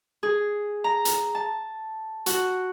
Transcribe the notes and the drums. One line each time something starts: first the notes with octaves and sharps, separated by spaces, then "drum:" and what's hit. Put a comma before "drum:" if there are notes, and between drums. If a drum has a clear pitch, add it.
G#4
A#5
drum: hi-hat
A5
F#4, drum: hi-hat